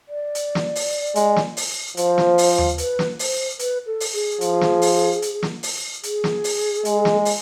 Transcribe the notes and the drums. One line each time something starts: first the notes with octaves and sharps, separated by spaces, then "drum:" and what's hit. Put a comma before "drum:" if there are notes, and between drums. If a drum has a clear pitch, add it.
D5
drum: hi-hat
drum: snare
drum: open hi-hat
G#3, drum: hi-hat
drum: snare
drum: open hi-hat
F3 C5, drum: hi-hat
drum: snare
drum: open hi-hat
drum: tom D#2
B4, drum: hi-hat
drum: snare
C5, drum: open hi-hat
B4, drum: hi-hat
A4
drum: open hi-hat
G#4
F3, drum: hi-hat
drum: snare
drum: open hi-hat
drum: hi-hat
drum: snare
drum: open hi-hat
G#4, drum: hi-hat
drum: snare
drum: open hi-hat
G#3, drum: hi-hat
drum: snare
drum: open hi-hat